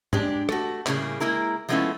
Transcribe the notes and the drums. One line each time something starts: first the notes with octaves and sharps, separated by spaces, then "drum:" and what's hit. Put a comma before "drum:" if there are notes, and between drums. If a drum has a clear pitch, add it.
G#3 D4 G4, drum: tom
A3 F#4, drum: rim click
A2 C#3 G3 A#3 G#4, drum: clap
G#3 A#3 E4 A#4
F3 G#3 A3 B3 C#4 E4